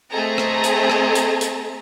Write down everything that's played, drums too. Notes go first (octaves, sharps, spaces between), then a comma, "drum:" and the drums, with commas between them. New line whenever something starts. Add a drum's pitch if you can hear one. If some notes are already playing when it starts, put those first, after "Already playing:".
A3 C4 G#4 A4 D#5 A#5
drum: rim click
drum: hi-hat
drum: rim click
drum: hi-hat
drum: hi-hat